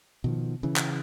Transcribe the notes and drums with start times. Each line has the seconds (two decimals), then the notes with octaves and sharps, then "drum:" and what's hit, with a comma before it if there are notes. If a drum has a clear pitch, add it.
0.24 B2 D#3 F3
0.63 C#3 E3
0.76 drum: clap